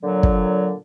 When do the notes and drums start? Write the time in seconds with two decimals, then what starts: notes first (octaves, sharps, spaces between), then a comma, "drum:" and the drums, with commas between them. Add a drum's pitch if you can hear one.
0.03 A#2 D3 F#3
0.23 drum: kick